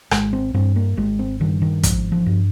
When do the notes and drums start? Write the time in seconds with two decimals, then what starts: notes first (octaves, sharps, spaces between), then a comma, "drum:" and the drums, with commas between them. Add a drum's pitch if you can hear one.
0.11 G#1 G#3, drum: rim click
0.33 C4
0.54 G2 C4
0.76 A#3
0.97 G#1 G#3
1.19 C4
1.40 G2 D#3
1.62 D#3
1.83 G#1 F3, drum: kick, hi-hat
2.12 F3
2.26 G2